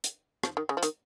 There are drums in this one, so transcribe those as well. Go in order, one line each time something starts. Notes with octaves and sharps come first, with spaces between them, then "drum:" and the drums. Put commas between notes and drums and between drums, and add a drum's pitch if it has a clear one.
drum: hi-hat
F3, drum: rim click
D#3
C#3
F3
D#3, drum: hi-hat